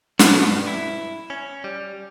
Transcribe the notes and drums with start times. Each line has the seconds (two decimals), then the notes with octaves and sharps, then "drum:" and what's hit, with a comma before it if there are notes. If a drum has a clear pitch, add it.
0.19 B2, drum: snare
0.48 G2
0.67 E4
1.30 C#4
1.64 G3